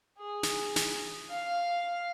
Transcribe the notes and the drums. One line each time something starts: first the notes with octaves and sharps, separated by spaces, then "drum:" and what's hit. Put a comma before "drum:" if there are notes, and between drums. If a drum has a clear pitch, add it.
G#4
drum: snare
drum: snare
F5